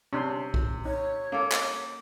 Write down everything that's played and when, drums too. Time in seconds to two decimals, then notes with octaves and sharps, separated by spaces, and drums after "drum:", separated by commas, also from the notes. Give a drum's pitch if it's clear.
0.13 C3 C#4 D4 C6
0.54 drum: kick B1
0.85 D#4 C#5
1.32 A#3 C#4 A4
1.52 drum: clap